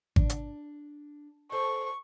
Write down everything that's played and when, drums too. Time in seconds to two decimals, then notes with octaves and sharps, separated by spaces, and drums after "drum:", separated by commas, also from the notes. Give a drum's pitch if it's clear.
0.16 D4, drum: kick G#1
0.30 drum: hi-hat
1.52 A4 C5 A5 C#6